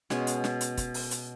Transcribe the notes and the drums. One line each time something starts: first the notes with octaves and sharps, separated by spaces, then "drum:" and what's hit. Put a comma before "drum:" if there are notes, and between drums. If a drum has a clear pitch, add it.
B2 G#3 C#4, drum: snare
drum: hi-hat
drum: snare
drum: hi-hat
drum: kick, hi-hat
drum: open hi-hat
drum: hi-hat